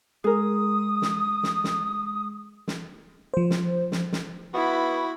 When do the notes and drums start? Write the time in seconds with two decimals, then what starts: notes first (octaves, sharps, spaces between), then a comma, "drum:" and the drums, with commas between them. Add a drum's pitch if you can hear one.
0.24 G#3 G#4 A#4 D#6
1.02 drum: snare
1.43 drum: snare
1.64 drum: snare
2.68 drum: snare
3.34 F3 C5
3.50 drum: snare
3.92 drum: snare
4.12 drum: snare
4.54 B3 E4 F#4 B5